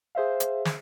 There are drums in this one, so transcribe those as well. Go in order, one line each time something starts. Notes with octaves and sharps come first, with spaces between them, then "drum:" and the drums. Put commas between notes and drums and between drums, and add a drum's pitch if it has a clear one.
G#4 C5 E5 F5
drum: hi-hat
drum: snare